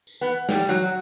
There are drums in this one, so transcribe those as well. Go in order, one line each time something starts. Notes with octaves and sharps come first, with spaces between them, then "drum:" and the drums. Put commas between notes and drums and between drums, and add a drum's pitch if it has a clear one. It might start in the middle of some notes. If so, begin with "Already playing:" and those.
drum: tambourine
B3
G3, drum: snare
F#3